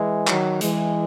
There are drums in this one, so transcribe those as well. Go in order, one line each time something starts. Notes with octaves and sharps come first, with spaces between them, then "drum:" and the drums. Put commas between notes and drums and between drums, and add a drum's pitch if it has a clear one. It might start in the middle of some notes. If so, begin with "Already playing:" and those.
Already playing: E3 G#3
D#3 F#3, drum: clap
E3 G#3, drum: hi-hat